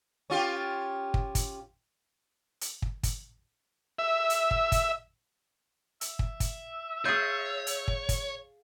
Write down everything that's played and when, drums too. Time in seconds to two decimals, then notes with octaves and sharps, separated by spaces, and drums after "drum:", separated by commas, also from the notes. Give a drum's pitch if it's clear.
0.30 C#4 F4 G4
1.14 drum: kick
1.35 drum: kick, hi-hat
2.61 drum: hi-hat
2.82 drum: kick
3.03 drum: kick, hi-hat
3.98 E5
4.30 drum: hi-hat
4.51 drum: kick
4.72 drum: kick, hi-hat
6.01 E5, drum: hi-hat
6.19 drum: kick
6.40 drum: kick, hi-hat
7.05 F4 G#4 C#5 G6
7.67 drum: hi-hat
7.88 drum: kick
8.09 drum: kick, hi-hat